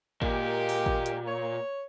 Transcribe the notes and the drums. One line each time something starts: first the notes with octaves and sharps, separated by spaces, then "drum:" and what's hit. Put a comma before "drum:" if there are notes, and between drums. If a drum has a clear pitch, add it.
A#2 G#3 A#3 G4, drum: kick G#1
drum: open hi-hat
drum: kick G#1
drum: hi-hat
C#5